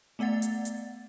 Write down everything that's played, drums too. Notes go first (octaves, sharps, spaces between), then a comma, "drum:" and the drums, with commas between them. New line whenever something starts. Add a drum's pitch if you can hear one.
A3 B3 D5 F#5 A6
drum: hi-hat
drum: hi-hat